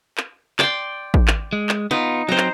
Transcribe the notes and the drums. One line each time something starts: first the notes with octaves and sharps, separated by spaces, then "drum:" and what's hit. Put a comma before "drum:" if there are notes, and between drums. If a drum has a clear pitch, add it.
drum: clap
D5 G5 C6, drum: clap
drum: kick
drum: clap
G#3
drum: clap
B3 D#4 F4
F#3 C4 C5 A#5
drum: clap